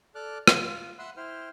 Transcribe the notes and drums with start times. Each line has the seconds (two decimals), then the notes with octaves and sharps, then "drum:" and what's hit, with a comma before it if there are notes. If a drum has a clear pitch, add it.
0.15 A4 D5 D6 F6 F#6
0.47 F4, drum: rim click
0.67 F4
0.99 E5 F#5 B5 C6 E6 F#6
1.17 E4 C5 G5 F6